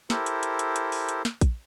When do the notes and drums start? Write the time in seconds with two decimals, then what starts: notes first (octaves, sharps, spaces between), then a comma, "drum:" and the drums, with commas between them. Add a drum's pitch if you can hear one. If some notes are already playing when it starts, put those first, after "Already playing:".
0.10 E4 G4 A4 A#4 C5, drum: snare
0.26 drum: hi-hat
0.43 drum: hi-hat
0.59 drum: hi-hat
0.76 drum: hi-hat
0.92 drum: open hi-hat
1.09 drum: hi-hat
1.25 drum: snare
1.41 drum: kick A#1, hi-hat